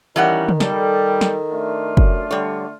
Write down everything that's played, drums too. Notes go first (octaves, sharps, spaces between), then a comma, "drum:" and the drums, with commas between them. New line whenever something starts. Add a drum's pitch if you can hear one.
D#3 E3 G3 C#4 A#4 D#5 F#5
drum: tom
G3 A4, drum: snare
drum: snare
A3 D4 F4
F#2, drum: kick
D3 G3 C#5